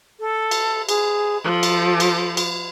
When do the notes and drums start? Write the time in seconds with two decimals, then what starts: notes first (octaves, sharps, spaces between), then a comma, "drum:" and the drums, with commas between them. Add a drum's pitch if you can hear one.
0.20 A4
0.51 drum: cymbal
0.89 G#4, drum: cymbal
1.44 F3 A4
1.63 drum: cymbal
2.00 drum: cymbal
2.37 drum: cymbal